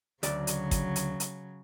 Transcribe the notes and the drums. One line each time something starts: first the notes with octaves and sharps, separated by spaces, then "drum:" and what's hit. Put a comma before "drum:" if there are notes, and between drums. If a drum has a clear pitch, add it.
D2 C#3 F#3 D5, drum: hi-hat
drum: hi-hat
drum: kick, hi-hat
drum: hi-hat
drum: hi-hat